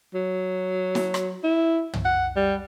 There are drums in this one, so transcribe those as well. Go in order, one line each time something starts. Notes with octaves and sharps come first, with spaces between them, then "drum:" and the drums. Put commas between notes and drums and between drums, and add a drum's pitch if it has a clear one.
F#3
drum: snare
drum: rim click
E4
drum: tom
F#5
G3